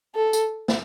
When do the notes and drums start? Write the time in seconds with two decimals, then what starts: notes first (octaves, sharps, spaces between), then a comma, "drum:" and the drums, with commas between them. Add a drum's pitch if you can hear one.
0.16 A4
0.33 drum: tambourine
0.68 drum: snare